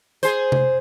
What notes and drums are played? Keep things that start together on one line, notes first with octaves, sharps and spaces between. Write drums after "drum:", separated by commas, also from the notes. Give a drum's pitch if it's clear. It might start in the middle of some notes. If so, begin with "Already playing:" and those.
G#4 C5, drum: hi-hat
drum: tom C3